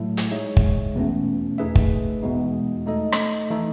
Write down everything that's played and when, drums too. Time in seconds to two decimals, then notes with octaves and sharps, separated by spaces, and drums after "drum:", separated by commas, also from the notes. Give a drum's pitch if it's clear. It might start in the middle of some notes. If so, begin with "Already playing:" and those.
Already playing: A2 F#3 A3 E4
0.17 drum: hi-hat
0.31 G#3 D#4 G#4 C#5 E5
0.57 drum: kick
0.95 E2 B2 A3 C#4
1.58 A3 D#4 G#4 B4 E5
1.75 drum: kick
2.22 E2 B2 G#3 B3 D#4
2.86 A3 D#4 A4 D#5
3.12 drum: rim click
3.50 E3 A3 D#4 A4